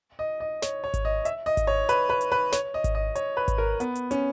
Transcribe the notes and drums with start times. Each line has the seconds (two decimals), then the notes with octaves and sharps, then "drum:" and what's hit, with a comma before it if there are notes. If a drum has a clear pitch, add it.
0.19 D#5
0.40 D#5
0.62 C#5, drum: snare
0.84 C#5
0.94 drum: kick G#1, hi-hat
1.05 D#5
1.25 E5, drum: hi-hat
1.46 D#5
1.57 drum: kick G#1, hi-hat
1.67 C#5
1.89 B4, drum: hi-hat
2.09 B4
2.21 drum: hi-hat
2.32 B4
2.52 C#5, drum: snare
2.74 D#5
2.84 drum: kick G#1, hi-hat
2.95 D#5
3.15 C#5, drum: hi-hat
3.37 B4
3.48 drum: kick G#1, hi-hat
3.58 A#4
3.80 B3, drum: hi-hat
3.95 drum: hi-hat
4.11 C#4, drum: hi-hat